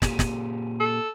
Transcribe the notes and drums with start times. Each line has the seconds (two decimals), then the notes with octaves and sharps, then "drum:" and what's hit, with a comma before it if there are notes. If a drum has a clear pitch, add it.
0.02 A#2 G4 G#4, drum: snare
0.19 drum: snare
0.80 A4